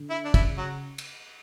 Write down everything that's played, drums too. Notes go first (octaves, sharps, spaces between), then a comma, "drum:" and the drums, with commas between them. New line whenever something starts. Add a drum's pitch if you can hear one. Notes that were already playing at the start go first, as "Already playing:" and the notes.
Already playing: D3
E4
D4
C#3 E4, drum: kick, cymbal
F#3
drum: cymbal